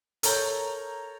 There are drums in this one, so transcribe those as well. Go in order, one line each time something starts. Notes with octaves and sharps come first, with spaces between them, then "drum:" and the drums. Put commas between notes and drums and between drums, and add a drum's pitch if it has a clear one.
A4 A#4 C#5 A#5 G6, drum: hi-hat